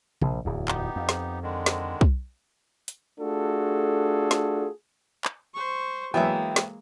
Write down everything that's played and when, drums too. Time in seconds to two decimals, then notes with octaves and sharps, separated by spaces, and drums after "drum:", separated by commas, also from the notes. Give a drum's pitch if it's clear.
0.22 A#1, drum: tom C3
0.45 D1 E2
0.68 B3 D#4 G4, drum: clap
0.96 F2
1.09 drum: snare
1.43 D3 D#3 G#3
1.66 drum: snare
2.01 drum: kick
2.88 drum: hi-hat
3.20 A3 D4 F4 F#4 G#4 A4
4.31 drum: snare
5.25 drum: clap
5.54 C5 C#6
6.14 E3 F#3 G#3 A#3 B3 C#5 E5 G5
6.56 drum: snare